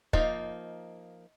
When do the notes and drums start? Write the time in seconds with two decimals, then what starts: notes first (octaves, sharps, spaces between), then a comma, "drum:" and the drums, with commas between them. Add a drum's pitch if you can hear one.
0.13 F3 A#3 D#4 D#5, drum: kick